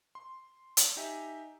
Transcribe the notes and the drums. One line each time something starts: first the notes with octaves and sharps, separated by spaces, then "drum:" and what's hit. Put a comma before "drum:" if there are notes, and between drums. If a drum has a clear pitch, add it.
C6
drum: hi-hat
D#4 G4 E5 G#5